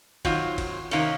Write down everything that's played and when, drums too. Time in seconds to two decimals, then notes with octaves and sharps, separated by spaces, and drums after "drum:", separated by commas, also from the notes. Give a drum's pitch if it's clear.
0.25 D#3 F#3 C4 F4, drum: kick, cymbal
0.58 drum: kick, cymbal
0.91 C3 D#3 A#3 C#4, drum: cymbal